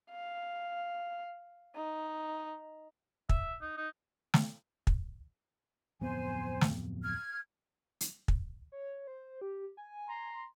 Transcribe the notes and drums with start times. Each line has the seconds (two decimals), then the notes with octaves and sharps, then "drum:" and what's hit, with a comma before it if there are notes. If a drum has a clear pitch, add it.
0.10 F5
1.76 D#4
3.29 E5, drum: kick
3.62 D#4
3.77 D#4
4.34 drum: snare
4.87 drum: kick
6.01 D1 F2 B3 C5 G#5
6.61 drum: snare
7.03 F6 G#6
8.01 drum: hi-hat
8.28 drum: kick
8.72 C#5
9.07 C5
9.41 G4
9.77 G#5
10.09 A#5 C6